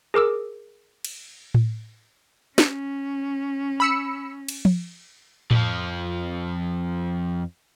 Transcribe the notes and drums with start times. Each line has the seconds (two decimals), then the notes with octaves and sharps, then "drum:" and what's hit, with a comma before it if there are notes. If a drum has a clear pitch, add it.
0.14 G#4 A#4 D6 E6
1.05 drum: cymbal
1.54 drum: tom A2
2.58 C#4, drum: snare
3.80 B5 E6 C#7
4.48 drum: cymbal
4.65 drum: tom F3
5.51 F2 F3, drum: tom A2